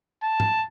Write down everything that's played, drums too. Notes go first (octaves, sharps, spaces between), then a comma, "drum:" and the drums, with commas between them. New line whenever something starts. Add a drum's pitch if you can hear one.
A5
drum: tom G#2